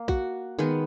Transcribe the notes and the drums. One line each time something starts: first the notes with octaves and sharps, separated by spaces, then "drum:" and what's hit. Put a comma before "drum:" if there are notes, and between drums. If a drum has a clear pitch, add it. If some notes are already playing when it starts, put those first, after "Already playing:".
Already playing: A#3
F#4, drum: kick A#1
D#3 G#3 B3